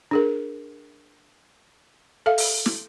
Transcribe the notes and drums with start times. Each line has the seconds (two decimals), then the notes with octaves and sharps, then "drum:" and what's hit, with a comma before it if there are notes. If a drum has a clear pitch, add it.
0.11 D4 G#4 A#4
2.26 A4 E5 F5
2.38 drum: open hi-hat
2.66 drum: snare